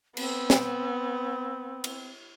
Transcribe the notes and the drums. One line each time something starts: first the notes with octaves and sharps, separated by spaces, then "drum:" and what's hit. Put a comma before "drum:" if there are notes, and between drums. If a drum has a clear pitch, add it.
B3 C4, drum: cymbal
drum: snare
drum: cymbal